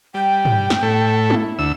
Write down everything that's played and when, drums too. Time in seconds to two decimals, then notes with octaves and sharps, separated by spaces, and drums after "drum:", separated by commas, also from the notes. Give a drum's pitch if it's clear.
0.14 G3 G5
0.45 drum: tom
0.70 drum: snare
0.83 A2 A3
1.30 E4, drum: tom
1.59 D2 E6